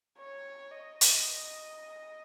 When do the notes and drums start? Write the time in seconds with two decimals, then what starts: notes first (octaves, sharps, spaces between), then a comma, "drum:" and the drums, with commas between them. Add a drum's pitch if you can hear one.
0.18 C#5
0.71 D#5
1.01 drum: hi-hat